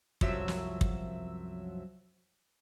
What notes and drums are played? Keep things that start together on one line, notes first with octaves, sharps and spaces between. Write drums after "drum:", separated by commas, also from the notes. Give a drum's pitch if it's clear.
C2 F#2 F3 F#3 E5 E6, drum: kick
drum: snare
drum: kick